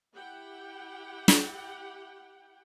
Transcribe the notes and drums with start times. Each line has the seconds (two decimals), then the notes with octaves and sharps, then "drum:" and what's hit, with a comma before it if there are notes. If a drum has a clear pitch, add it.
0.14 E4 G4 F#5 G5
1.28 drum: snare